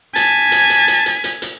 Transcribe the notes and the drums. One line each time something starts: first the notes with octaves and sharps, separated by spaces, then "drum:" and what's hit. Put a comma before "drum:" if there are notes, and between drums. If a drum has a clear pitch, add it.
G#5 A5 B6, drum: hi-hat
drum: hi-hat
drum: hi-hat
drum: hi-hat
drum: hi-hat
drum: hi-hat
drum: hi-hat